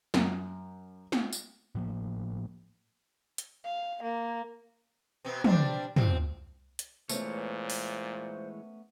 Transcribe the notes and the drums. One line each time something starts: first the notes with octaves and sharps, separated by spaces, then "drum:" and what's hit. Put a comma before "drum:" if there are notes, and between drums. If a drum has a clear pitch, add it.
F#2, drum: snare G#3
drum: snare G#3
drum: tambourine
A2 F3 A#3
drum: hi-hat
F5
A#3
B2 B3 C4
G3 C4 D4, drum: tom
C4, drum: tom
drum: hi-hat
A#2 E3 G#3 A3 B3 C#4 C5 C#5, drum: tambourine
drum: open hi-hat